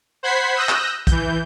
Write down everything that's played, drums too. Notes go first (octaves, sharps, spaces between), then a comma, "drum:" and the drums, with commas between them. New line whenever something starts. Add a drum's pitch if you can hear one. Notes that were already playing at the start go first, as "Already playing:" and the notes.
C5 F#5 B5 G#6 B6 C7
D#6 E6 F#6 G6 A#6
drum: clap
E3 G6, drum: kick B1, hi-hat